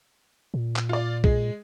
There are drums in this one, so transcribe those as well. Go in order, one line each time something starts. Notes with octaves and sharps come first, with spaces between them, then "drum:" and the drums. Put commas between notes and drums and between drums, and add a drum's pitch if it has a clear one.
A#2
drum: clap
F4 D5
G#3 G#4, drum: kick A#1